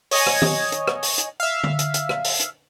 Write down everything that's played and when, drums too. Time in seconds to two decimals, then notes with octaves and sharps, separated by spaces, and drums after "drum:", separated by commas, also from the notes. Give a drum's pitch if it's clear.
0.11 C#5 D#5 G#5, drum: open hi-hat
0.27 drum: rim click
0.42 drum: tom D#3
0.72 drum: hi-hat
0.88 drum: rim click
1.03 drum: open hi-hat
1.18 drum: hi-hat
1.40 E5 F5
1.64 drum: tom D3
1.79 drum: hi-hat
1.94 drum: hi-hat
2.09 drum: rim click
2.25 drum: open hi-hat
2.40 drum: hi-hat